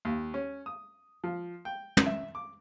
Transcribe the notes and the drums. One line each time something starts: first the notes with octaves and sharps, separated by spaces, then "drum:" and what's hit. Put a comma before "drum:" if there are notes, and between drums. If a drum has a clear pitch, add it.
D#2
C#4
D#6
F3
G5
drum: tom
E5
D6